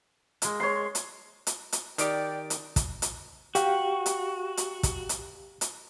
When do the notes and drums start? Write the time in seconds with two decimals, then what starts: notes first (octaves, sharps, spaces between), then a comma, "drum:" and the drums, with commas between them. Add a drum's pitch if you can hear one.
0.42 G#3 A#3, drum: hi-hat
0.60 C#5 C6
0.95 drum: hi-hat
1.47 drum: hi-hat
1.72 drum: hi-hat
1.98 D#3 G4 D5 G5, drum: hi-hat
2.50 drum: hi-hat
2.76 drum: kick, hi-hat
3.02 drum: hi-hat
3.55 F#4 G4 F5 G5, drum: hi-hat
4.06 drum: hi-hat
4.57 drum: hi-hat
4.83 drum: kick, hi-hat
5.09 drum: hi-hat
5.61 drum: hi-hat